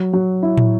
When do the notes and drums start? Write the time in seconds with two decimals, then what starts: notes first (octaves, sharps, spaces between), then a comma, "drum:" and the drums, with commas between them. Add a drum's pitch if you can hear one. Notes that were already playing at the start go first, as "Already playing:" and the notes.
Already playing: F#3
0.13 F#3
0.43 E4
0.57 drum: tom